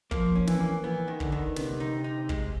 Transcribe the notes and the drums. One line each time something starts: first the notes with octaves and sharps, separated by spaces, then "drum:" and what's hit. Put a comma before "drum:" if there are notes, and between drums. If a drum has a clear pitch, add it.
F3 A#3, drum: kick
C#4
E3, drum: snare
A#3
E3 B3
D#3
D3, drum: kick
D#3
C3 B3, drum: snare
D#4
D#4
G#3, drum: kick